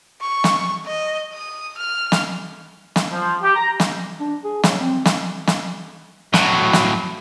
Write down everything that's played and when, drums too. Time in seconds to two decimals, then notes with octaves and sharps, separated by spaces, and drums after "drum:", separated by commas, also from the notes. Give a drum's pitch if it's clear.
0.22 C#6
0.44 drum: snare
0.86 D#5
1.33 D#6
1.79 F6
2.12 drum: snare
2.96 drum: snare
3.11 F3
3.42 G4
3.56 A#5
3.80 drum: snare
4.20 D4
4.44 G#4
4.63 F#3, drum: snare
4.81 C4
5.05 drum: snare
5.47 drum: snare
6.34 A2 F#3, drum: snare
6.73 drum: snare